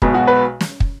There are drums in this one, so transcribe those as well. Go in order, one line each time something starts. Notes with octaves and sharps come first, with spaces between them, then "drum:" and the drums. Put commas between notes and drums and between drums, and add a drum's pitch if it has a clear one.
B1 B2 G#3, drum: kick
F#4
B4
drum: snare
drum: kick